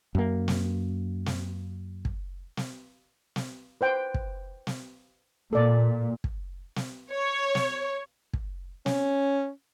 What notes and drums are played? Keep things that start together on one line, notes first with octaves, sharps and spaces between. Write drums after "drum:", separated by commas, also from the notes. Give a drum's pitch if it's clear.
F#2 A#3
drum: snare
drum: snare
drum: kick
drum: snare
drum: snare
B4 C5 G5
drum: kick
drum: snare
A#2 A4 D5
drum: kick
drum: snare
C#5
drum: snare
drum: kick
C#4, drum: snare